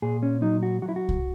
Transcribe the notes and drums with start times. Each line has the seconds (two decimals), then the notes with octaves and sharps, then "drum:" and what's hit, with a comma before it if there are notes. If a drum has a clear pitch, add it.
0.02 A#2 G#4
0.23 C#4
0.42 F#3 D#4
0.63 F#4
0.82 F#3 F#4
0.89 E4
0.96 F#4
1.09 drum: kick C2